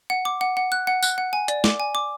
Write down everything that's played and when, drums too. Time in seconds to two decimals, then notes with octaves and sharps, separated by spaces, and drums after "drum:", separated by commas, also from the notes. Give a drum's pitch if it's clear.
0.10 F#5
0.25 D6
0.41 F#5
0.57 F#5
0.72 F#6
0.87 F#5
1.03 F#6, drum: tambourine
1.18 F#5
1.33 G#5
1.48 D5, drum: hi-hat
1.64 D6, drum: snare
1.80 G#5
1.95 D6